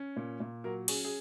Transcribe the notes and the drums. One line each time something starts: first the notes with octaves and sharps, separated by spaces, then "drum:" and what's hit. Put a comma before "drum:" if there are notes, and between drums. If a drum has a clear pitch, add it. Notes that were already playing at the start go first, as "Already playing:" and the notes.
Already playing: C#4
A#2
A#2
F#3 A#4
C#4 G#4, drum: cymbal
G#4